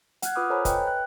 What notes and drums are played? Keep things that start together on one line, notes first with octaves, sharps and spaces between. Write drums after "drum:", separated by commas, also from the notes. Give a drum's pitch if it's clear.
F#5 F6 F#6 G#6, drum: hi-hat
F4 B4 B5 D6 D#6 F6
A4 C5 C#5 G#5 A#5 B5
B4 D#5 G5 F#6, drum: kick, hi-hat
F#6